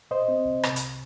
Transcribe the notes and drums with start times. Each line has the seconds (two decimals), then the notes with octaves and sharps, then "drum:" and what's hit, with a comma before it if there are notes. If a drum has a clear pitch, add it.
0.11 A#2 C5 D#5
0.28 C4
0.45 C2
0.63 C3, drum: rim click
0.76 drum: hi-hat